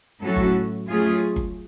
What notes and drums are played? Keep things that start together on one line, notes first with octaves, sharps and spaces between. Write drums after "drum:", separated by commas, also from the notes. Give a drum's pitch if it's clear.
A2 F#3 C#4 F#4 A4
drum: kick G1
F#3 A3 C#4 F4 G#4
drum: kick G1